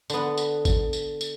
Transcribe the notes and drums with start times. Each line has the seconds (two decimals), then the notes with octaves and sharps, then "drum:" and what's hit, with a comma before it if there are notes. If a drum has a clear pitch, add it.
0.10 D3 B3, drum: tambourine
0.37 drum: tambourine
0.65 drum: kick A1, tambourine
0.93 drum: tambourine
1.21 drum: tambourine